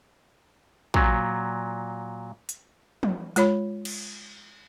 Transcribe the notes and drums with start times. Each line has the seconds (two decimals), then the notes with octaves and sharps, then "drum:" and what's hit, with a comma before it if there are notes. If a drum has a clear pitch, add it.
0.94 A#2 F#3, drum: kick
2.49 drum: hi-hat
3.03 drum: tom
3.36 G#3 F4 C#5 B5, drum: hi-hat
3.85 drum: cymbal